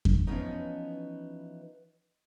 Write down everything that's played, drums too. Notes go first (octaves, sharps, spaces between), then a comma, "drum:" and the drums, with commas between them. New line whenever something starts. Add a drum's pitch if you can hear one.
drum: kick F2
E3 F3 G3 B3 C#4 D#4